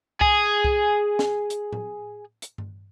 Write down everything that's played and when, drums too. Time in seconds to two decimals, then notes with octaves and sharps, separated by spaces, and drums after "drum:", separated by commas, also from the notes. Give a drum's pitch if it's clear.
0.21 G#4 G#5, drum: kick C2
0.64 drum: kick C2
1.19 drum: snare
1.50 drum: hi-hat
1.73 drum: tom A2
2.42 drum: hi-hat
2.58 drum: tom G2